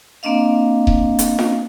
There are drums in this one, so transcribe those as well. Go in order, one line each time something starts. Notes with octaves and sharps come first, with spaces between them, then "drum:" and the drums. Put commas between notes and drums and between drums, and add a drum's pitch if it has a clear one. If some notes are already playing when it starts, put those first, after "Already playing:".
A#3 C4 D4 D#5 F5
drum: kick D#1
drum: hi-hat
drum: snare